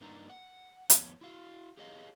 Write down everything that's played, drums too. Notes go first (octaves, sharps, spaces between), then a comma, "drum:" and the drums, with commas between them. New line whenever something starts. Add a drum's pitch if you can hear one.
G2 A#3 D4 D#4 A#5
F#5
F2 B3 C#5, drum: hi-hat
E4 F#4 F5
G4 G#4 C#5 D#5 F5